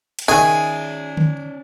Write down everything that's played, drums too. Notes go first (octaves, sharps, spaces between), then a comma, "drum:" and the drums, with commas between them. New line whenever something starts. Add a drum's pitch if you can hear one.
drum: hi-hat
D#3 C#4 G#4 D5 E5 G#5
drum: tom D3